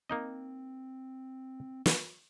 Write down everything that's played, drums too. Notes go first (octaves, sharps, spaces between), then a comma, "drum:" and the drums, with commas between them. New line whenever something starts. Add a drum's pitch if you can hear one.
A#3 C4 D#4 D#5
drum: snare